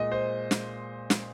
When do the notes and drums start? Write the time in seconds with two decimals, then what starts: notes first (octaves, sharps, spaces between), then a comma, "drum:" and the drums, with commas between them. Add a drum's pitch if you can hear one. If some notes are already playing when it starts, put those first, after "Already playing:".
Already playing: A#2 G#3 D#5
0.12 C5
0.51 drum: snare
1.10 drum: snare